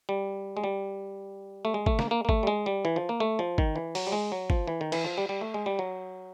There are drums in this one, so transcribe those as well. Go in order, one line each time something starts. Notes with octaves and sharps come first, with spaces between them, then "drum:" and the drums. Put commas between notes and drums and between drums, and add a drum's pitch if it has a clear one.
G3
G#3
G3
A3
G#3
A3, drum: kick
A#3, drum: snare
A#3
A#3
A3, drum: kick
G3
G#3
G3
E3
F3
A#3
A3
F3
D#3, drum: kick
E3
F#3, drum: open hi-hat
G3
G#3
F#3
F3, drum: kick
E3
D#3
E3, drum: cymbal
F3
G3
G3
A3
G#3
G3
F#3